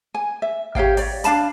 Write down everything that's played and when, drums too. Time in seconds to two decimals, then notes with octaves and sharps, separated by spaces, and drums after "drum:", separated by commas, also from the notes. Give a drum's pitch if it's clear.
0.14 G#5
0.42 E5
0.75 G4 C#5 F5 G5, drum: kick G#1
0.97 C#5 D5, drum: open hi-hat
1.24 D4 F5 A5 B5, drum: hi-hat